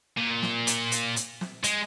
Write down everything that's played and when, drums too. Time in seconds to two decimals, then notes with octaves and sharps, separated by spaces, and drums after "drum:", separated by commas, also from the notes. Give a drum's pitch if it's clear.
0.18 A#2
0.42 drum: snare
0.67 drum: hi-hat
0.92 drum: hi-hat
1.16 drum: hi-hat
1.41 drum: snare
1.64 G#3, drum: hi-hat